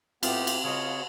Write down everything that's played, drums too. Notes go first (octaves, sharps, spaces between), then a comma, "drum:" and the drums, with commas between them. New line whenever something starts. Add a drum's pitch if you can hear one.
A2 B3 C4 F4 G4, drum: cymbal
drum: cymbal
C#3 F4 C#5 D#5